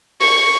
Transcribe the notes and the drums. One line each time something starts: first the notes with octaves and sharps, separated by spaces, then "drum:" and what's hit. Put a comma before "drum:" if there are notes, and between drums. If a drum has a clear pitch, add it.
C#6, drum: open hi-hat